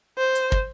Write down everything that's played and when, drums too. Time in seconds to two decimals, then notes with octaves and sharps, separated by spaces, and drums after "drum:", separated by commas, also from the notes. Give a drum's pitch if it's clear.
0.18 C5
0.35 drum: hi-hat
0.52 drum: kick